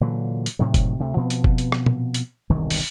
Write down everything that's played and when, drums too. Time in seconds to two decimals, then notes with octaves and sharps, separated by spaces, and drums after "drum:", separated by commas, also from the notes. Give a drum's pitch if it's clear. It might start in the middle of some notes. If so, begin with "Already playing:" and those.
0.01 A#2 D3 E3 F#3
0.46 drum: hi-hat
0.59 A2 C3 D#3 F#3
0.74 drum: kick F#1, hi-hat
0.99 D2 C3 A3
1.16 B2 F3 B3 C4
1.30 drum: hi-hat
1.44 drum: kick F#1
1.58 drum: hi-hat
1.72 drum: rim click
1.86 drum: tom
2.14 drum: hi-hat
2.50 E1 C2 G2 D#3
2.70 drum: open hi-hat